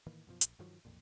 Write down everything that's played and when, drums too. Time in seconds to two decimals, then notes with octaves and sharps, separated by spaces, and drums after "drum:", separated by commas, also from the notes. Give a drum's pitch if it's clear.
0.07 A2 D#3 E3 A#3
0.27 F#2 B2 F3
0.41 A#1, drum: hi-hat
0.59 G2 D#3 F3 F#3
0.85 B1 F2 A#2